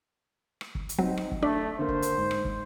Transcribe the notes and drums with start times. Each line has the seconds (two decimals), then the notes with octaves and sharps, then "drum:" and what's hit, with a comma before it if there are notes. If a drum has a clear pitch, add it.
0.61 drum: rim click
0.75 drum: kick
0.89 drum: hi-hat
0.99 F#3 C4 D#4
1.17 drum: rim click
1.32 drum: kick
1.43 A3 D4 B6
1.79 D3 A#3 C5
1.88 drum: kick
2.02 drum: hi-hat
2.17 G#2
2.31 drum: rim click
2.45 drum: kick